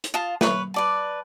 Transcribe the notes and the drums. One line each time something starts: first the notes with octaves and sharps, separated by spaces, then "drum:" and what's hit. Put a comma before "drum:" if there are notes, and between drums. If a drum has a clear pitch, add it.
drum: hi-hat
F4 F5 A5 D#6
B4 C#5, drum: snare
B4 D5 A5